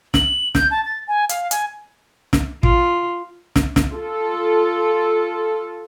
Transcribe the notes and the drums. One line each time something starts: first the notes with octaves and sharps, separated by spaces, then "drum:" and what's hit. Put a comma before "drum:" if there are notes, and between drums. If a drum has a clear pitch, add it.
F#7, drum: snare
G6, drum: snare
A5
A6
G#5
F5, drum: hi-hat
G#5, drum: hi-hat
drum: snare
F4, drum: kick
drum: snare
drum: snare
F4 A4